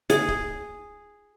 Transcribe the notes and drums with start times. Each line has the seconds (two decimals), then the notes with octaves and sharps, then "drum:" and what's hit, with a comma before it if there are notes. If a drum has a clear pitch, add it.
0.10 G#4, drum: hi-hat
0.28 drum: kick C#1